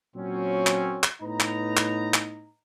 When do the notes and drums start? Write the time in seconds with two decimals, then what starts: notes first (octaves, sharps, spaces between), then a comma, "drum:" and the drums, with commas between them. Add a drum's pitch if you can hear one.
0.16 A#2 F#3 C4 C#4
0.67 drum: clap
1.03 drum: clap
1.22 A2 B3 D#4 B4 A#5
1.40 drum: clap
1.77 drum: clap
2.14 drum: clap